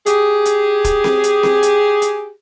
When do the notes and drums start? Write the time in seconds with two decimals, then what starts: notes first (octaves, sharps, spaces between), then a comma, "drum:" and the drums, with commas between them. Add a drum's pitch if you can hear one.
0.06 G4 G#4, drum: hi-hat
0.45 drum: hi-hat
0.85 drum: kick, hi-hat
1.04 drum: snare C4
1.24 drum: hi-hat
1.43 drum: snare C4
1.63 drum: hi-hat
2.02 drum: hi-hat